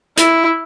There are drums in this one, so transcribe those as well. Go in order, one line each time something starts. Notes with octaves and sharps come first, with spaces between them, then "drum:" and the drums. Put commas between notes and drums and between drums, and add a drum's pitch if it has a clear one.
E4, drum: hi-hat